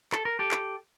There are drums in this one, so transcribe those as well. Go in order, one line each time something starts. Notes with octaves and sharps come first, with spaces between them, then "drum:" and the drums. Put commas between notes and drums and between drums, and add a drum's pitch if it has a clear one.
A4, drum: clap
A#4
G4 A4
drum: clap